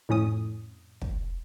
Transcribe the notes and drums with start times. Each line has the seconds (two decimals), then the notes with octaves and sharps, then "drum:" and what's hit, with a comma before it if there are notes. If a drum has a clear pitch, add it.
0.09 F2 A2 C#4 D#6
1.02 drum: kick